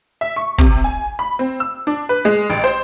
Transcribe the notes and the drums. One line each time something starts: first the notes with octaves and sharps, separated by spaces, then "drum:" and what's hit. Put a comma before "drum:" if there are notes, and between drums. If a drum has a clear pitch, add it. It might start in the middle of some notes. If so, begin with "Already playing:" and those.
E5
C#6
C3, drum: kick
G#5
B5
C4
E6
D4
B4
G#3
A1
C5